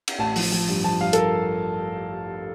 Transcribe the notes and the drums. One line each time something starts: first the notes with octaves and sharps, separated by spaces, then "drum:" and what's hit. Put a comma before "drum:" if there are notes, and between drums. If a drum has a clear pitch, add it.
drum: cymbal
A1 A5
F3, drum: open hi-hat
F3
G2
F3 A5
G2 F5
A4, drum: hi-hat
A#4